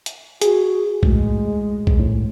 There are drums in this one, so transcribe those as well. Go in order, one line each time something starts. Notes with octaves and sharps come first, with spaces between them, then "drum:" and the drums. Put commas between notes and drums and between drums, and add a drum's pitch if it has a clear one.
drum: hi-hat
F#4 G#4, drum: hi-hat
A2 G#3, drum: kick B1
drum: kick B1
A2